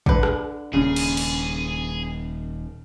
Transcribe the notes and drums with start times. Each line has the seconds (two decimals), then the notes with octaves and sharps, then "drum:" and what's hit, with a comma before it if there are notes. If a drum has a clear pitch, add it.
0.06 D3 B4, drum: kick
0.23 drum: rim click
0.73 D#1 C#3 G#4
0.96 drum: cymbal
1.17 drum: cymbal